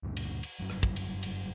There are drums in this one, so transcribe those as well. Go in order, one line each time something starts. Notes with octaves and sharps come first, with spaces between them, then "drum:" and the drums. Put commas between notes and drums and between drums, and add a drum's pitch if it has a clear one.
D2 G2 A#2 D3
drum: cymbal
drum: cymbal
F#1 G2 F#3
drum: rim click
drum: kick
drum: cymbal
drum: cymbal